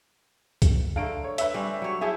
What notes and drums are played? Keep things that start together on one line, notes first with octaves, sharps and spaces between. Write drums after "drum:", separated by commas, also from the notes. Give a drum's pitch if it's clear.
drum: kick C2, hi-hat
D3 A3 F5 A#5 D7
C#5
B4 E5, drum: hi-hat
G3 C4 C#4
F#3 C#5
E4 G#4 C5 E5 A5 G6